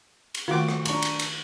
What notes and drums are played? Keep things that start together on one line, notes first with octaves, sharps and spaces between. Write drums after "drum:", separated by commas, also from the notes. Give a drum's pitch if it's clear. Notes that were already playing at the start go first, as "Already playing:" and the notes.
drum: cymbal
D#3 A3 F4 F#4 D6
drum: rim click
D4 A#5 C#6, drum: cymbal
drum: cymbal
drum: cymbal